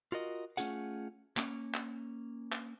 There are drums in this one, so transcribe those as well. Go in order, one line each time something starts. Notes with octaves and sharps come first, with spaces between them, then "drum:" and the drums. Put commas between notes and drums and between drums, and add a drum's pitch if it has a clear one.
F4 F#4 A#4 D#5
A3 C#4 F4 G#4 F#5, drum: hi-hat
A#3 C#4, drum: clap
drum: clap
drum: clap